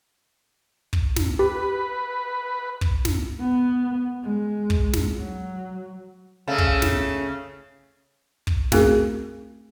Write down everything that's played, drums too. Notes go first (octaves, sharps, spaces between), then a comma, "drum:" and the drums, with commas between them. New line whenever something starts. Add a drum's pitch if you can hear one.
drum: kick
drum: snare
G4 B4
drum: kick
drum: snare
B3
G#3
drum: kick
drum: snare
F#3
C#3 A3
drum: kick
drum: snare
drum: kick
A3 C4 F#4 G#4 A#4, drum: snare